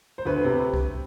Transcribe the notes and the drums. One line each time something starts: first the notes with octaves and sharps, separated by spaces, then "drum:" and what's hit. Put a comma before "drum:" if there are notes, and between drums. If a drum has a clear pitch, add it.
C5
D2 B4
C3
drum: kick C2